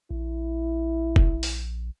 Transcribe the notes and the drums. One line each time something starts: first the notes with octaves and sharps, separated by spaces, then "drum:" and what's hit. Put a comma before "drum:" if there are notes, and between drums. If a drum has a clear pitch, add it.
A#1 E4
drum: kick F1
drum: open hi-hat